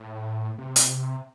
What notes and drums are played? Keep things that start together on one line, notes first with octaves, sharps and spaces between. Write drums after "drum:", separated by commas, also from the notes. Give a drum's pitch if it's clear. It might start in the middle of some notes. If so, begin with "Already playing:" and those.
Already playing: A2
C3
drum: hi-hat